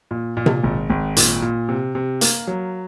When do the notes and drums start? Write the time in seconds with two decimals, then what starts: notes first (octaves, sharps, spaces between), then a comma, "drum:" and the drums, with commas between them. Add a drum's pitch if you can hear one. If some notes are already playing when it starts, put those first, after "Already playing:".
0.11 A#2
0.37 A#2
0.46 drum: tom C3
0.63 G#1
0.90 G#1
1.17 A#2, drum: hi-hat
1.42 A#2
1.69 C3
1.95 C3
2.21 A#3, drum: hi-hat
2.47 F#3